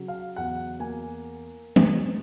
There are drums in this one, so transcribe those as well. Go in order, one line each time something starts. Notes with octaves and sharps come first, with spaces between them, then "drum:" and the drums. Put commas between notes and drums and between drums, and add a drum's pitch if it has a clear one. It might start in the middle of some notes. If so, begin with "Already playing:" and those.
Already playing: C#3 F#3
F5
E2 F#5
A#3 G#5
drum: tom